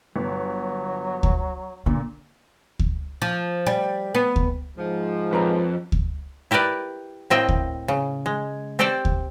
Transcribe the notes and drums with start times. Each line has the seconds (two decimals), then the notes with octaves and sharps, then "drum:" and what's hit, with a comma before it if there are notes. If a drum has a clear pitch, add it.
0.16 G1 F#3
1.23 drum: kick D2
1.86 A#2 D3
2.79 drum: kick D2
3.22 F3
3.67 G3
4.14 B3
4.36 drum: kick D2
4.78 G#2 F3
5.33 F2 B4 C#5 A#5
5.92 drum: kick D2
6.51 E4 G4 A#4 B4 D5
7.30 A2 A#3 C4 D#5 E5 G5
7.49 drum: kick D2
7.88 C#3
8.26 G#3
8.79 C4 G4 A4 C5 D5 G5
9.05 drum: kick D2